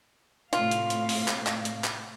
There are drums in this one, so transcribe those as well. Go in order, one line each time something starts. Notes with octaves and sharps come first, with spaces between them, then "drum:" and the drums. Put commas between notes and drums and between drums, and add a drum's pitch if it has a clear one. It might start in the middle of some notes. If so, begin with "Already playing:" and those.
A2 C3 F4 F5, drum: hi-hat
drum: hi-hat
drum: hi-hat
drum: open hi-hat
drum: clap
drum: clap
drum: hi-hat
drum: clap